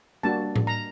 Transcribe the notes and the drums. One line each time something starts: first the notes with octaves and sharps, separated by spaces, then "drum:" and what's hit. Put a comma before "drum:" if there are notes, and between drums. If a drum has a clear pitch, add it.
G3 A#3 D4 F#4 A5
drum: tom A2
A#5